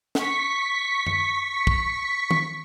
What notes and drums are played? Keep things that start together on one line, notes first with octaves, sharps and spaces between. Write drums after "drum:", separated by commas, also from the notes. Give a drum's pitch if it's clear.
C#6 B6, drum: snare
drum: tom F#2
drum: kick
drum: tom D#3